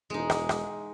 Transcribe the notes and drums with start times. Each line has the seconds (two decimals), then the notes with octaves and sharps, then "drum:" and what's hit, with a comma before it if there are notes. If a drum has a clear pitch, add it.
0.10 E1 G#3 D#4
0.30 drum: rim click
0.49 drum: rim click